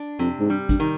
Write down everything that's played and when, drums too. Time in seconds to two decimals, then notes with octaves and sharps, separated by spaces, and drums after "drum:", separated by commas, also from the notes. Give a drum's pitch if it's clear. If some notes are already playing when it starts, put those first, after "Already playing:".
Already playing: D4
0.19 F2 C3
0.40 G#2
0.50 G2 G3
0.69 G2, drum: kick, hi-hat
0.80 D#3